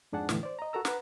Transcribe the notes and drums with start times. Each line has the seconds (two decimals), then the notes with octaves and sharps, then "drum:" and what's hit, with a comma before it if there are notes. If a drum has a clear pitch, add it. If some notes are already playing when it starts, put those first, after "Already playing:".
0.12 F2 G#2 D4 G#4 F#5 A5
0.29 E2 A2 D3 E3, drum: snare
0.43 C5 D5
0.59 D#5 A#5
0.73 F#4 A4 A#4 A#5 E6
0.85 B4 F#5 A#5, drum: snare